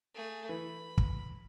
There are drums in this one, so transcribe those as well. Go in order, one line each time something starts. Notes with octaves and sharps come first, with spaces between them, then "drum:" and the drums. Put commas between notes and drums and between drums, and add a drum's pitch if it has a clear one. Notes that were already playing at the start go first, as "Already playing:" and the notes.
A3 G#4
E3 B5
drum: kick